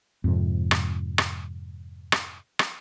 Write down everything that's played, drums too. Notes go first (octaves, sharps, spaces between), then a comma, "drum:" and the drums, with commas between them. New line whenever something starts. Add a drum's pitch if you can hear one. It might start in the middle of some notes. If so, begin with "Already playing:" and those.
F2 G#2 C3
drum: rim click
drum: rim click
drum: rim click
drum: rim click